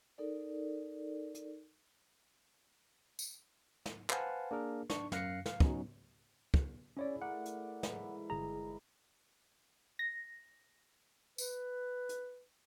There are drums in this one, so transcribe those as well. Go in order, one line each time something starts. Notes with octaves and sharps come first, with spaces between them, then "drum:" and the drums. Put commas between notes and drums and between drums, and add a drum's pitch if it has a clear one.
D#4 A4 A#4 D5
drum: hi-hat
drum: tambourine
drum: snare
B4 C5 F5 F#5 G#5 A5, drum: clap
A#3 D4 G#4 A#4
D4 C#6, drum: snare
F#2 F5 F#6 A#6 C7 C#7, drum: snare
F5, drum: snare
F#3 B3 C#4 D#4, drum: kick
drum: kick
C#4 E4 G#4 C#5 D5
A3 A#4 D5 F#5
drum: hi-hat
G#2 E3, drum: snare
G1 G#4 A#5
A#6
B4, drum: tambourine
drum: hi-hat